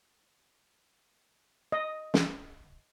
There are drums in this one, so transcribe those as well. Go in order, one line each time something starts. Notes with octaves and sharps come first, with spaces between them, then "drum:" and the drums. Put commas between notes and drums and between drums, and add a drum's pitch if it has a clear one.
D#5
drum: snare